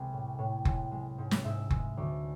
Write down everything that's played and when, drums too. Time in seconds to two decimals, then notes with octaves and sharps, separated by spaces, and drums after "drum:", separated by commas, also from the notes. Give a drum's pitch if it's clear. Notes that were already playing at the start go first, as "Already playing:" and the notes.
Already playing: C2 C3 G#3 G#4
0.13 A2
0.39 A2
0.65 G#3, drum: kick F#1
0.92 G#3
1.18 G#2
1.31 drum: snare
1.44 G#2 E5
1.71 G#3, drum: kick F#1
1.97 D2 D5